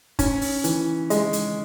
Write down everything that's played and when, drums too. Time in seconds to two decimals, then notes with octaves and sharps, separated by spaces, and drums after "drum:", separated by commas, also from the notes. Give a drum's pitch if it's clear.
0.19 C#4, drum: kick, hi-hat
0.41 drum: open hi-hat
0.64 E3, drum: hi-hat
1.10 G#3, drum: hi-hat
1.33 drum: hi-hat